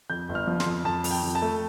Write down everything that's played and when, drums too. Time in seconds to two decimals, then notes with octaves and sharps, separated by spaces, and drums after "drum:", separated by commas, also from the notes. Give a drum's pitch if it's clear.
0.10 F2 G6
0.29 G1
0.35 F6
0.47 F3
0.60 C6, drum: snare
0.66 F2
0.85 F2 A5
1.04 F2, drum: open hi-hat
1.11 G5
1.23 F2
1.35 A5
1.42 A3